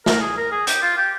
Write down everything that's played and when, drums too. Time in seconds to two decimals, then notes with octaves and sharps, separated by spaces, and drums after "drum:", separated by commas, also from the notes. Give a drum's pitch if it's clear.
0.06 A#4, drum: snare
0.21 G#4
0.37 A#4
0.52 G#4
0.67 G4, drum: hi-hat
0.82 F4
0.97 G4